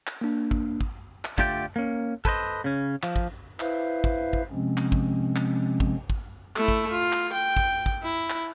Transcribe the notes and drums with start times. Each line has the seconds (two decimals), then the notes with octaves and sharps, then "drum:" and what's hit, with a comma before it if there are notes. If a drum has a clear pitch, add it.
0.07 drum: clap
0.21 A#3 D4
0.51 drum: kick
0.81 drum: kick
1.25 drum: clap
1.38 D3 A3 F4 G4 D5 G5, drum: kick
1.76 A#3 C#4
2.25 A4 B4 C5 D#5, drum: kick
2.64 C#3 C#4
3.03 F3, drum: clap
3.16 drum: kick
3.60 E4 B4 C5 E5 F5, drum: clap
4.04 drum: kick
4.33 drum: kick
4.51 C3 F3 G#3 C4 C#4
4.77 drum: clap
4.92 drum: kick
5.36 drum: clap
5.80 drum: kick
6.10 drum: kick
6.56 A3 E4, drum: clap
6.68 drum: kick
6.90 F4
7.12 drum: clap
7.32 G5
7.57 drum: kick
7.86 drum: kick
8.02 E4
8.30 drum: clap